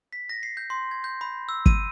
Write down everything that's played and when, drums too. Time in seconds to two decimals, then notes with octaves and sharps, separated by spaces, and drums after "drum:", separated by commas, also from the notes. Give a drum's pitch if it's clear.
0.13 B6
0.29 A#6
0.43 C7
0.57 G6
0.70 C6
0.91 G#6
1.04 G6
1.21 B5
1.49 E6
1.66 D#7, drum: kick